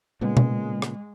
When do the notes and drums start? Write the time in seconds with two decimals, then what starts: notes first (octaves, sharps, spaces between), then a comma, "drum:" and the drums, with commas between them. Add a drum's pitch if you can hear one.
0.21 A#2 C#3 G#3 B3
0.37 drum: tom B2
0.82 drum: rim click